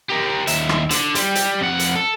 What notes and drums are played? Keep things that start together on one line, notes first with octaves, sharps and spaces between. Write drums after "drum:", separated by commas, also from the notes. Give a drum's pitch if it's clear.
G4 A#4
D#2 E5, drum: hi-hat
drum: rim click
D3, drum: hi-hat
G3 G4, drum: hi-hat
drum: hi-hat
F2 F#5
drum: hi-hat
A4